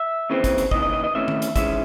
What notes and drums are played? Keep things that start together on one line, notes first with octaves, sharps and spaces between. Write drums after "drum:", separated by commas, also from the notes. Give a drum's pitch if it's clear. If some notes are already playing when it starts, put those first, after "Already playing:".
Already playing: E5
D#2 C#3 E3 C4
drum: kick, hi-hat
drum: hi-hat
D#2 C#3 E3 D#5, drum: kick
D#5
D#5
D#5
C3 E3 A3 C#4 E5
drum: tom D#3
drum: hi-hat
G#2 E3 G#3 C#4 E5, drum: kick, hi-hat